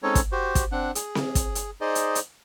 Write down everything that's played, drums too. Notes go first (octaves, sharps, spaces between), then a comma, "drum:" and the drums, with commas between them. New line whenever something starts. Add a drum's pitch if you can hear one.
G#3 C4 C#4 D#4 A4 C#5
drum: kick, hi-hat
F#4 G4 C5
drum: kick, hi-hat
C4 D4 F#5
G#4, drum: hi-hat
drum: snare C4
drum: kick, hi-hat
drum: hi-hat
D#4 G#4 C5 D5 D#5
drum: hi-hat
drum: hi-hat